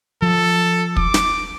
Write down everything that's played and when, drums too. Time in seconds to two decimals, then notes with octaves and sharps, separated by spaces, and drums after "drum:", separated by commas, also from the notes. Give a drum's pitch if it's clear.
0.22 F3 A4
0.96 D6, drum: kick
1.14 drum: snare